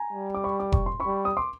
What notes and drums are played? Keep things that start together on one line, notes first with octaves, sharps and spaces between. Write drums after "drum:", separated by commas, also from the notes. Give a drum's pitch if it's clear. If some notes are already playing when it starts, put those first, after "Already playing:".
Already playing: G#5 A#5
G3
D6
B5 C#6
D6
C#6, drum: kick F1
C6
B5 C#6
G3
D#6
C6 D6